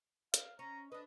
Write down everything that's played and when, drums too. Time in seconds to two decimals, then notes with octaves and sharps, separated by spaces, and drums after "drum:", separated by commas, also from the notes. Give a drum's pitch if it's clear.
0.34 F5, drum: hi-hat
0.59 C#4 A#5
0.92 D4 B4 D#5